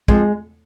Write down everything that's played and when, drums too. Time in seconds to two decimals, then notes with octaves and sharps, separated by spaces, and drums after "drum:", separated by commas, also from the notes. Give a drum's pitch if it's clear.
0.08 F2 G#3, drum: kick